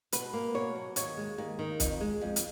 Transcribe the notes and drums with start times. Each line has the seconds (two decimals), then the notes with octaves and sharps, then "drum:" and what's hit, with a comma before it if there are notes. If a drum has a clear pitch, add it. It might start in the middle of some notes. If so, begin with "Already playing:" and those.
0.12 B2 B4, drum: hi-hat
0.33 A#3
0.54 B2 C#5
0.75 F#3
0.96 D#2 C#5, drum: hi-hat
1.17 G#3
1.38 D#2
1.59 D#3
1.80 F2, drum: kick, hi-hat
2.00 G#3
2.21 F2
2.36 drum: hi-hat